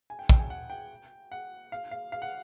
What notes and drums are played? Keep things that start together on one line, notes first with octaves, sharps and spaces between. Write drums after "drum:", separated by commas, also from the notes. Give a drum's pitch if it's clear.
G#5
G5
G5, drum: kick
G#5
F#5
G5
F#5
F5
F5
F5
F#5